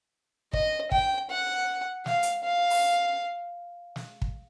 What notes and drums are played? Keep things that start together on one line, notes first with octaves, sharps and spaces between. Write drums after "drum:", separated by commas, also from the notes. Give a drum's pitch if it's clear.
D#5, drum: kick
G5, drum: kick
F#5
F5, drum: snare
drum: hi-hat
F5
drum: open hi-hat
drum: snare
drum: kick